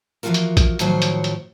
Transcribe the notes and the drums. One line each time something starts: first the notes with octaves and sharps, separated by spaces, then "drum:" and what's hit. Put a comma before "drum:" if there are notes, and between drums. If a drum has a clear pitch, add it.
E3 F3 C#4 F4 F#4 A#4
drum: hi-hat
drum: kick A#1, hi-hat
A2 D#3 F3 F#3 C5 C#5, drum: hi-hat
drum: hi-hat
drum: hi-hat